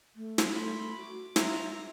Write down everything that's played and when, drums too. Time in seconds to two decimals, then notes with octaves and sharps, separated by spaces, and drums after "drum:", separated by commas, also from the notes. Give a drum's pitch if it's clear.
0.16 A3
0.38 drum: snare
0.49 B5 C6
0.96 F#4 D6
1.36 F4 E5 A#5, drum: snare